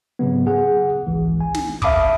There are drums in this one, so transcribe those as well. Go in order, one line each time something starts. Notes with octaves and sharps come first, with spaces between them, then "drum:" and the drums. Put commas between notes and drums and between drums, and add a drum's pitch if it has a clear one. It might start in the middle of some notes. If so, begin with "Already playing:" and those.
G#2 C#3 F#3 B3
G#4 F#5
G#1 C#2 E3
G#5
drum: snare
E5 F5 A5 B5 D6 D#6, drum: kick